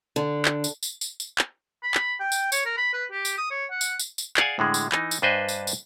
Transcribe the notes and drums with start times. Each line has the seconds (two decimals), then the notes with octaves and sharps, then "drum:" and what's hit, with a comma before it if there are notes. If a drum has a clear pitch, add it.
0.16 D3
0.45 drum: clap
0.64 drum: tambourine
0.83 drum: tambourine
1.01 drum: tambourine
1.20 drum: tambourine
1.39 drum: clap
1.83 B5
1.94 drum: clap
2.20 G5
2.32 drum: tambourine
2.52 C#5, drum: tambourine
2.65 A#4
2.77 B5
2.93 B4
3.11 G4
3.25 drum: tambourine
3.37 D#6
3.50 C#5
3.70 F#5
3.81 drum: tambourine
3.99 drum: tambourine
4.18 drum: tambourine
4.37 G#4 D5 F5 F#5 G#5, drum: clap
4.59 A2 D3 G#3
4.74 drum: tambourine
4.92 E3 D#4, drum: clap
5.11 drum: tambourine
5.22 G2 D4 B4 C5 D#5 G#5
5.49 drum: tambourine
5.67 drum: tambourine